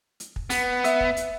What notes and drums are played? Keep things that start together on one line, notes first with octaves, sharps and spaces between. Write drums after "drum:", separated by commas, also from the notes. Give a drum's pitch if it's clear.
drum: hi-hat
drum: kick
B3, drum: open hi-hat
E5, drum: hi-hat
drum: kick
drum: hi-hat